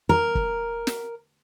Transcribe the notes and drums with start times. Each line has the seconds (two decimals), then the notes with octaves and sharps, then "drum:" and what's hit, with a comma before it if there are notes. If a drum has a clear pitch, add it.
0.09 A#4
0.35 drum: kick
0.87 drum: snare